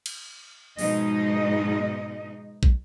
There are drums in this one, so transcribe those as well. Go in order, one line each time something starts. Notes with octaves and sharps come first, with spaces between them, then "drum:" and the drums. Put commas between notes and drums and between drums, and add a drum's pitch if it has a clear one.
drum: cymbal
G#2 B2 F3 G#3 D#4 D#5, drum: open hi-hat
drum: kick